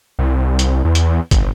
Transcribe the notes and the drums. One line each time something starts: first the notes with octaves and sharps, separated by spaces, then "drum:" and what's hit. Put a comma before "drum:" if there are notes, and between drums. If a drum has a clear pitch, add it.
C2
drum: hi-hat
E2
drum: hi-hat
G1, drum: kick, hi-hat